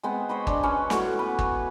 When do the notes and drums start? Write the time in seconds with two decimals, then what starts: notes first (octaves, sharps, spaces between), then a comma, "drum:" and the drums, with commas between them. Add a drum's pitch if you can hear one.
0.03 G#3 B3 C4
0.29 C5 C#5 D#5 B5
0.47 D4, drum: kick
0.63 C#4 B4 C#5
0.90 A2 F#4, drum: snare
1.19 B3 B4
1.39 drum: kick